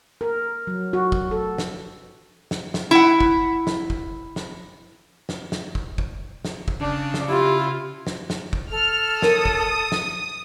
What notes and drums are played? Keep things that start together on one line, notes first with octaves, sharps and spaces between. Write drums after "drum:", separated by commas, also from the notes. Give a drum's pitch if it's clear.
A#4
F#3
F#4
drum: kick
A4
drum: snare
drum: snare
drum: snare
E4 F#5
drum: kick
drum: snare
drum: kick
drum: snare
drum: snare
drum: snare
drum: kick
drum: kick
drum: snare
drum: kick
C#3 D4
drum: snare
E4 F4 G4
drum: snare
drum: snare
drum: kick
A4 F6
A#4 C#5 D#6, drum: snare
drum: kick
drum: snare